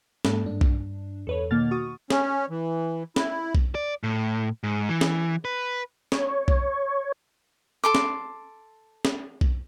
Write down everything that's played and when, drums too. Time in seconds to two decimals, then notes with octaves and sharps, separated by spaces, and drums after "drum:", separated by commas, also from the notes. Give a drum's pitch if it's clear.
0.25 G#2 A#3 A4, drum: snare
0.45 G2 D4
0.61 drum: kick B1
1.27 E2 A4 B4 C#5
1.51 B2 D#3 A#3 F6 A6
1.71 F#4 C#6 D#6
2.10 C#4, drum: snare
2.50 E3
3.16 E4, drum: snare
3.55 drum: kick B1
3.75 D5
4.03 A2
4.63 G#2
4.89 E3
5.01 drum: snare
5.45 B4
6.12 C#5, drum: snare
6.48 drum: kick B1
7.84 A4 C6 D6
7.95 drum: snare
9.05 drum: snare
9.41 drum: kick B1